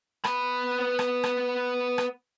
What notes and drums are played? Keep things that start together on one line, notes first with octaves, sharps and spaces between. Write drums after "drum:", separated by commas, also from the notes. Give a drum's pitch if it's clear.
B3 B5, drum: rim click
drum: rim click
drum: rim click
drum: rim click